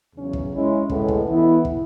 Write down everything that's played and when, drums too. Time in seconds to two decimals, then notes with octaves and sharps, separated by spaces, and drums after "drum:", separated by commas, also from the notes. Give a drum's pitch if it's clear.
0.15 E2 C#3 F#3 C#4
0.33 drum: kick
0.52 G#3 C#4 E4
0.90 A2 G#3 B3, drum: kick
1.08 drum: kick
1.27 E3 B3 E4
1.65 drum: kick